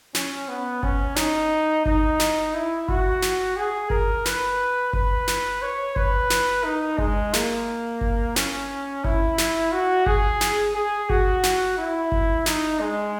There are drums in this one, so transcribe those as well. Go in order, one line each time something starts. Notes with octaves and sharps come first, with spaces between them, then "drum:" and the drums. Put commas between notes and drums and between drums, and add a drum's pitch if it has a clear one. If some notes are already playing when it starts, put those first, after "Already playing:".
C#4, drum: snare
B3
C#4, drum: kick G1
D#4, drum: snare
D#4, drum: kick G1
drum: snare
E4
F#4, drum: kick G1
drum: snare
G#4
A#4, drum: kick G1
B4, drum: snare
B4, drum: kick G1
drum: snare
C#5
B4, drum: kick G1
drum: snare
D#4
G#3, drum: kick G1
A#3, drum: snare
drum: kick G1
C#4, drum: snare
E4, drum: kick G1
drum: snare
F#4
G#4, drum: kick G1
drum: snare
G#4
F#4, drum: kick G1
drum: snare
E4
drum: kick G1
D#4, drum: snare
G#3